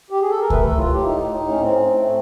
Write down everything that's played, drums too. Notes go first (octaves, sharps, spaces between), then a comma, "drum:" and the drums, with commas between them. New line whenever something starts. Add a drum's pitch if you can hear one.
G4
G#4
A4
A#4
A3 B4, drum: kick C#2
A4
A2
F4
A2
G4
A2 D#4
A2
A2
C#4
A2 C4
A2
A3